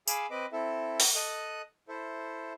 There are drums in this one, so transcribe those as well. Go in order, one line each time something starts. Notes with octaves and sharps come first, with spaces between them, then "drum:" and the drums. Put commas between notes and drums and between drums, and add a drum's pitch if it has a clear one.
G#4 F5 G#5 B5 D6 E6, drum: tambourine
C4 B4 D#5 B5 D6
C4 E4 A4 E5
drum: open hi-hat
A4 D#5 D#6 F#6
E4 A4 C5 E5